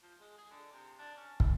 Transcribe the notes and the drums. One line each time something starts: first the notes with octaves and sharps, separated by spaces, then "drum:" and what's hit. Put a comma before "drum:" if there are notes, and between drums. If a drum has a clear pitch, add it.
F3
G#3
G#4
D3
C3
D4
C#4
E3, drum: kick